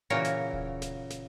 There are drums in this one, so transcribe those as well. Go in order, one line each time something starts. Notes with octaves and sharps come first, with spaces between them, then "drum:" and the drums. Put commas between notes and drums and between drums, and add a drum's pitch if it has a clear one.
A#2 C#3 E3 F#4 A#4 C#5
drum: snare
drum: kick D1
drum: snare
drum: snare